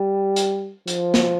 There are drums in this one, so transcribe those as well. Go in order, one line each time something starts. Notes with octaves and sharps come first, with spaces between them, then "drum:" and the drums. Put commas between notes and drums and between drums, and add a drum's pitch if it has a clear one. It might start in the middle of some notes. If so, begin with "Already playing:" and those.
Already playing: G3
drum: hi-hat
F3, drum: hi-hat
drum: snare